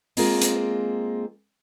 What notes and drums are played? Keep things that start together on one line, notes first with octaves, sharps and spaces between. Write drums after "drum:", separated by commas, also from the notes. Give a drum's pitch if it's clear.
G#3 A#3 C4 F4 G#4 A#4, drum: open hi-hat
drum: hi-hat